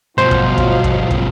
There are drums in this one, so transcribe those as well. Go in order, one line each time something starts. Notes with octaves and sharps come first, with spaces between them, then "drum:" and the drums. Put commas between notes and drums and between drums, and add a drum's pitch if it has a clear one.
G2 B2 F3 F#3 C5 F5
drum: kick
drum: kick
drum: kick
drum: kick